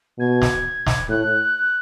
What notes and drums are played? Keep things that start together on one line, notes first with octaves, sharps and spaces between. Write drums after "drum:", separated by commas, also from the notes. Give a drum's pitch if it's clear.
B2 G#6
drum: snare
drum: snare
A2 F#6